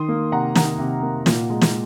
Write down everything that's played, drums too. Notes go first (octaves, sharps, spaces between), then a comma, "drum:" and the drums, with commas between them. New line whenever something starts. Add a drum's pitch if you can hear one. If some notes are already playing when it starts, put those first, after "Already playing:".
Already playing: D#3 C6 D#6
A#3
C3 F#5 A#5
D#3 F#5 A#5, drum: snare
C3
A#3
A#2, drum: snare
G#3
drum: snare